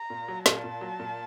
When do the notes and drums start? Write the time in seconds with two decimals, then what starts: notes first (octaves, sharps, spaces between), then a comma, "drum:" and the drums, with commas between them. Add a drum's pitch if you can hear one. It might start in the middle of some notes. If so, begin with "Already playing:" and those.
Already playing: A#5
0.10 A#2
0.28 F#3
0.46 A#2 A5, drum: snare
0.64 A#2
0.81 F#3
0.99 A#2